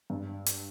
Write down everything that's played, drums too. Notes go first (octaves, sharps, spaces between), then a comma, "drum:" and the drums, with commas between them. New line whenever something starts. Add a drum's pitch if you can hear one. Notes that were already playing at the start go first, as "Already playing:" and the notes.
G2
drum: hi-hat